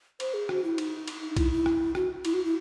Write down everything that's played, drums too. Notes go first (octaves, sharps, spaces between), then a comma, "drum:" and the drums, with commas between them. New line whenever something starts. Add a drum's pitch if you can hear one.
C5, drum: cymbal
G#4
F#4, drum: rim click
E4
D#4, drum: cymbal
drum: cymbal
E4, drum: kick, cymbal
E4
drum: rim click
F#4, drum: rim click
E4, drum: cymbal
F#4
E4